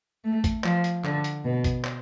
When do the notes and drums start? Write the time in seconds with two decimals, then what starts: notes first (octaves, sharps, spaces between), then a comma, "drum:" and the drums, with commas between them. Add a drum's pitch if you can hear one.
0.24 A3
0.44 drum: kick G#1, hi-hat
0.64 F3, drum: clap
0.84 drum: hi-hat
1.04 D3, drum: clap
1.24 drum: hi-hat
1.45 B2
1.64 drum: kick G#1, hi-hat
1.84 drum: clap